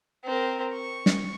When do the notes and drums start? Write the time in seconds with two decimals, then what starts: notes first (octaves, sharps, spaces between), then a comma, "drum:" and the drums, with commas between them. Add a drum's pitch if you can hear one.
0.24 C4 A#4
0.73 C#6
1.06 drum: snare